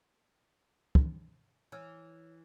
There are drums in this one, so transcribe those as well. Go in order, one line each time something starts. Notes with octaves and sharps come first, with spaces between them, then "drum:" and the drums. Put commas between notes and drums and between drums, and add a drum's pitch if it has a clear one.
drum: kick
E3 C#5 E6 F6